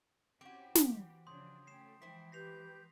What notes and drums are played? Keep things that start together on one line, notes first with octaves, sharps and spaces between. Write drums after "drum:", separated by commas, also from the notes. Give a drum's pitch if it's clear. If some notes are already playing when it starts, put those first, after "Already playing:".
C4 C#4 E4 F#4 G4 D6 D7
E3 G4, drum: snare
C#3 F3 D4 C6 D#6 G6
A3 C#4 G5 C7 E7
E3 F3 G#3 E4 C5 B6
G4 B4 G6 A#6 C7 F7